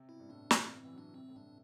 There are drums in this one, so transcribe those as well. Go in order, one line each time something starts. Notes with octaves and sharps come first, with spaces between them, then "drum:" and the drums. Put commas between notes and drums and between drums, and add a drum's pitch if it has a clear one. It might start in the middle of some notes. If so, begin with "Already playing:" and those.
Already playing: C3
B2 E4
G2
A2 D4
E3 E4, drum: snare
C4
E3 C4
F#3 D4
C3 C4
A2
G2 D4